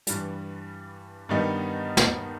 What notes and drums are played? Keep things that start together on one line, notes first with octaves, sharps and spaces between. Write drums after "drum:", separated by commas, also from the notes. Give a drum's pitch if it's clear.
G2 E3 G3, drum: hi-hat
G2 D#3 G3 B3 D#4
drum: snare